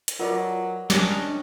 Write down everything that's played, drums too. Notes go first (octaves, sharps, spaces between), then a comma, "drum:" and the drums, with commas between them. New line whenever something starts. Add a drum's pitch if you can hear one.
drum: hi-hat
F#3 F4 A#4 B4 D5 D#5 F#5
G3 C#4 D4 D#5 D6 D#6, drum: snare